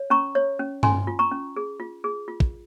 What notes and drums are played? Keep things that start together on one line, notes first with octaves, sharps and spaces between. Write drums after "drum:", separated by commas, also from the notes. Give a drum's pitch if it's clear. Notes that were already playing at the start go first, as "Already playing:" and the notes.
Already playing: C#5
C#4 A#5 C#6
C#5
C#4
C#4 G#5 C6, drum: tom G2
F4
A#5 C#6
C#4
G#4
F4
G#4
F4
drum: kick